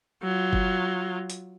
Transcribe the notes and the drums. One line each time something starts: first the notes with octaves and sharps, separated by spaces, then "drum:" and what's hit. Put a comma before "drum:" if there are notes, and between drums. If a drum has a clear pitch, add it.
F#3 F4
drum: kick F#1
drum: hi-hat